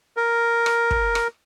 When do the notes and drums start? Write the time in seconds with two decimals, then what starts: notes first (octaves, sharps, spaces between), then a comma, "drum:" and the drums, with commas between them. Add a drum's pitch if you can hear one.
0.17 A#4
0.66 drum: rim click
0.91 drum: kick
1.15 drum: rim click